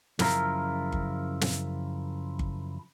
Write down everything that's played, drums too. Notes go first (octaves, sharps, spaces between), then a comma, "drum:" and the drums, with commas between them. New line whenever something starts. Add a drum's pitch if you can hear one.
F#2 C#3 F3 E4 F4 A#4, drum: snare
drum: kick G1
drum: snare
drum: kick G1